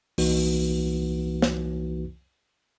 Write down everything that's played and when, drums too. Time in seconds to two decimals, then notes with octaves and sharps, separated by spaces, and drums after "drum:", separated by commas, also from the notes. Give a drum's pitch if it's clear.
0.18 C2 E3 A#3 D#4 F#4 B4, drum: open hi-hat
1.42 drum: snare